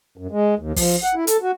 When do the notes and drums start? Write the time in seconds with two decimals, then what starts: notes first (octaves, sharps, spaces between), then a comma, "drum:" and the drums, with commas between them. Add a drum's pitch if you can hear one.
0.17 F#2
0.31 G#3
0.59 D#2
0.76 F3, drum: kick, open hi-hat
1.03 F#5
1.15 E4
1.27 A4, drum: hi-hat
1.42 F#4